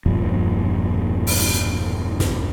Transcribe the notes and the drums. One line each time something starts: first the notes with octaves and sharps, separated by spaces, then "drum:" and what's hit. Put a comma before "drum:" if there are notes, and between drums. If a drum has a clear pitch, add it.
E1 G2 A#2 F3
drum: open hi-hat
drum: snare